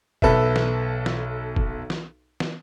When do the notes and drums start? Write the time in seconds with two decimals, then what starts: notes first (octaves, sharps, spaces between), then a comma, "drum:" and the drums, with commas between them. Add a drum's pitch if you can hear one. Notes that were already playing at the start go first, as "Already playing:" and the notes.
0.22 B1 A4 B4 E5, drum: kick
0.56 drum: snare
1.06 drum: snare
1.56 drum: kick
1.90 drum: snare
2.40 drum: snare